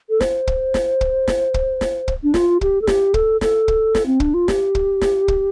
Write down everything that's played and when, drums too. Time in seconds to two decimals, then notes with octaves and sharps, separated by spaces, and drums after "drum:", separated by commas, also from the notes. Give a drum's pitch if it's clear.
0.10 A4
0.21 C5, drum: snare
0.47 drum: kick
0.74 drum: snare
1.01 drum: kick
1.28 drum: snare
1.54 drum: kick
1.81 drum: snare
2.08 drum: kick
2.23 D4
2.34 F4, drum: snare
2.61 G4, drum: kick
2.82 A4
2.87 G4, drum: snare
3.14 A4, drum: kick
3.41 A4, drum: snare
3.68 drum: kick
3.95 drum: snare
4.06 C4
4.20 D4, drum: kick
4.34 F4
4.48 G4, drum: snare
4.75 drum: kick
5.01 drum: snare
5.28 drum: kick